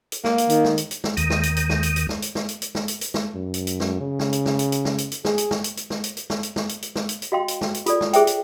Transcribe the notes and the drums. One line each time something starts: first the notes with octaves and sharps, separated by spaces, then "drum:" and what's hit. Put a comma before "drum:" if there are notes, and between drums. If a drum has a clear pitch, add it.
drum: hi-hat
A#3, drum: snare
drum: hi-hat
D#3, drum: hi-hat
drum: snare
drum: hi-hat
drum: hi-hat
drum: snare
D#2 D#3, drum: hi-hat
drum: snare
drum: hi-hat
drum: hi-hat
drum: snare
drum: hi-hat
drum: hi-hat
drum: snare
drum: hi-hat
drum: snare
drum: hi-hat
drum: hi-hat
drum: snare
drum: hi-hat
drum: hi-hat
drum: snare
F#2
drum: hi-hat
drum: hi-hat
drum: snare
C#3
drum: snare
drum: hi-hat
drum: snare
drum: hi-hat
drum: hi-hat
drum: snare
drum: hi-hat
drum: hi-hat
G#4, drum: snare
drum: hi-hat
drum: snare
drum: hi-hat
drum: hi-hat
drum: snare
drum: hi-hat
drum: hi-hat
drum: snare
drum: hi-hat
drum: snare
drum: hi-hat
drum: hi-hat
drum: snare
drum: hi-hat
drum: hi-hat
F#4 D#5 F5 G5 C6
drum: hi-hat
drum: snare
drum: hi-hat
F4 A4 D5, drum: hi-hat
drum: snare
G#4 C5 E5 G5, drum: hi-hat
drum: hi-hat